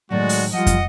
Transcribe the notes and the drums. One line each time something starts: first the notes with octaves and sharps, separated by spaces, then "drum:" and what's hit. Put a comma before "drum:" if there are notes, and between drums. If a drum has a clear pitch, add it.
A2 D#3 F#3 G#3 F#4 D5
drum: open hi-hat
F3 G3 F4 D#5 F#5
drum: kick, hi-hat